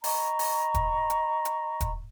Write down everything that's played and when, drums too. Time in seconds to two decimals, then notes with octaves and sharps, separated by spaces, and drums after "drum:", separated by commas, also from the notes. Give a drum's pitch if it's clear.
0.04 D#5 A#5 B5 C#6, drum: open hi-hat
0.39 drum: open hi-hat
0.74 drum: kick, hi-hat
1.10 drum: hi-hat
1.45 drum: hi-hat
1.80 drum: kick, hi-hat